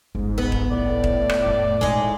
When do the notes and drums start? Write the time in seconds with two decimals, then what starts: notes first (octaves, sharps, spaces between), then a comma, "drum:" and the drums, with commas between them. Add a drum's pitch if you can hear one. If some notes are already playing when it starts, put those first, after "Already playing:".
0.15 G1 C2 G#2
0.38 B3
0.52 drum: kick D#1
0.71 A2 D5
1.04 drum: kick D#1
1.29 drum: rim click
1.46 F1 A3
1.81 B1 E2 G#3 D#4